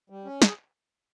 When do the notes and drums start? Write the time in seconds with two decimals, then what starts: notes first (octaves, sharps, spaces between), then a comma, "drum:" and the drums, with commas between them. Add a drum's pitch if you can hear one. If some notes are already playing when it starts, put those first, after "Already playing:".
0.10 G3
0.25 C#4
0.42 G#4, drum: snare